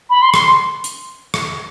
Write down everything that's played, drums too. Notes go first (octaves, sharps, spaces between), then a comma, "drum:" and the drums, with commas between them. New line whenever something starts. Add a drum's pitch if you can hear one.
B5
C6
C6, drum: rim click
drum: hi-hat
drum: rim click